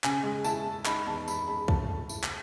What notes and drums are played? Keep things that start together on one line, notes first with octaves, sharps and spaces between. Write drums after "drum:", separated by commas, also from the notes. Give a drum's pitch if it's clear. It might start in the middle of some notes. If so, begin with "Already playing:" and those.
C#3 G#5, drum: clap
G#3
E4 A5, drum: tambourine
G#3
D#4 B5, drum: clap
E2 A5
G#3 B5, drum: tambourine
G#3 B5
A3 A5, drum: kick
A3
E4, drum: tambourine
drum: clap